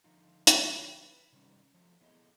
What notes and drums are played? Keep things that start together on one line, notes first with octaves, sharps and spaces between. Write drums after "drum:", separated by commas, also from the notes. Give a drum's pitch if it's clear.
D3 F3 D#4 F4
drum: hi-hat
B4
C3 D#3 G3 C#4
F3 F#3 A3
A3 B3 E4 G#4 D#5